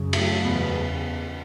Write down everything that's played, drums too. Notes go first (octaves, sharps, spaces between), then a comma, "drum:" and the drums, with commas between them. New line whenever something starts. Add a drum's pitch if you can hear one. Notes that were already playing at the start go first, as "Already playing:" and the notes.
Already playing: F#2 C#3
A3, drum: cymbal
E2 C#3 B3